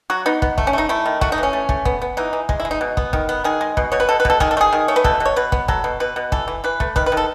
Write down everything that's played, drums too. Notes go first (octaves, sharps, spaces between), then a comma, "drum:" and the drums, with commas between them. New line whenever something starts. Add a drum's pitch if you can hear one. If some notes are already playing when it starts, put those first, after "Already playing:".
F#3 F#4
B3 D#4
B3, drum: kick
A3, drum: kick
C#4
A3 D#4
A3 E4
D#3
A3 F#4, drum: kick
D#4
E3
C#4
A3
A3, drum: kick
B3, drum: kick
B3
E3 D#4
E3
G#3, drum: kick
E4
G#3
D#4
B2
B3, drum: kick
D#3, drum: kick
B3
D#3 G#4
G#3
B2, drum: kick
B2 C#5
B4
B2 A4
B4
B2 A4, drum: kick
D#3 G#4, drum: kick
A4
A3
G#4
D#3
A3 C#5
B4
B2 A4, drum: kick
B2
C#5
B2 B4
B3, drum: kick
F#3 A4, drum: kick
B2
B2 B4
B2
E3 A4, drum: kick
E3
E3 B4
A3, drum: kick
D#3 B4, drum: kick
B4
D#3
A4